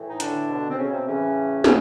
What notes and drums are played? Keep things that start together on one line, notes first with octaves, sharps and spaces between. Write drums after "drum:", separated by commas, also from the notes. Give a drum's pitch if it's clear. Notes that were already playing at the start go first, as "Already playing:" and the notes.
Already playing: A2 E3
D#4
D3 D4, drum: hi-hat
B2
C4
C#3 C#4
C3 C4
A2 C#3 E3 C#4
A2, drum: snare